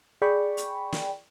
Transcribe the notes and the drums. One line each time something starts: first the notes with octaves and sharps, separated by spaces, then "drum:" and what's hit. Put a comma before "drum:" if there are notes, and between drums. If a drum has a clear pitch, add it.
G#4 D5 G5 B5 C#6
drum: hi-hat
drum: snare